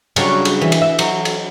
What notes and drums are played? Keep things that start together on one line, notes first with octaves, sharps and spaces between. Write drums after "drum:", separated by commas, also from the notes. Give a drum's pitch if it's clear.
C#3 F#3 G3 D4 C#5 A#5, drum: cymbal
drum: cymbal
E3
drum: cymbal
E5
F#3, drum: cymbal
drum: cymbal